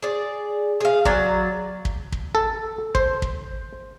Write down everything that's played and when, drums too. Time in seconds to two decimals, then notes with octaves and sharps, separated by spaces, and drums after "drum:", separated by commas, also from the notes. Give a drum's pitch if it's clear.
0.02 G#4 D5
0.80 G#4 F5
1.05 F#3 D5 F#5, drum: kick
1.85 drum: kick
2.12 drum: kick
2.35 A4
2.95 C5, drum: kick
3.22 drum: kick